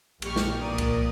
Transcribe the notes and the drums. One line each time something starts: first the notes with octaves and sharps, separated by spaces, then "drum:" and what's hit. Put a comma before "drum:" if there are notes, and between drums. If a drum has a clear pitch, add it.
A#1 G3 G4 C#6 F6, drum: cymbal
drum: snare
A#1 A#2 A#4 D5 D#6
drum: kick, cymbal
drum: kick